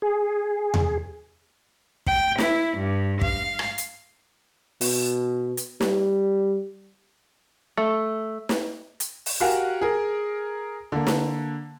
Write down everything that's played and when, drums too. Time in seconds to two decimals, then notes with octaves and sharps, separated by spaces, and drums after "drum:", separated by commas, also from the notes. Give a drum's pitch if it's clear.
0.02 G#4
0.74 drum: tom E2
2.07 G5, drum: kick
2.38 E4, drum: snare
2.77 G2
3.21 F5, drum: kick
3.59 drum: rim click
3.78 drum: hi-hat
4.81 B2, drum: open hi-hat
5.57 drum: hi-hat
5.81 G3, drum: snare
7.77 A3
8.49 drum: snare
9.00 drum: hi-hat
9.26 drum: open hi-hat
9.40 F#4 G4 A#4 F5 F#5 G#5
9.81 G#4 A#4
10.92 D3 A#3
11.07 drum: snare